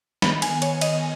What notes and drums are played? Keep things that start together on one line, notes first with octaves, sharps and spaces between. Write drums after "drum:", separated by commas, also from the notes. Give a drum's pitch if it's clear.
D#3 B3 B5, drum: snare
G#5, drum: cymbal
C#5, drum: cymbal
D#5, drum: cymbal